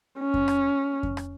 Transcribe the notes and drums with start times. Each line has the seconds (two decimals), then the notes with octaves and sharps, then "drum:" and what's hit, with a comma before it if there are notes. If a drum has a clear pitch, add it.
0.20 C#4
0.34 drum: kick F2
0.48 drum: rim click
1.03 drum: kick F2
1.17 drum: rim click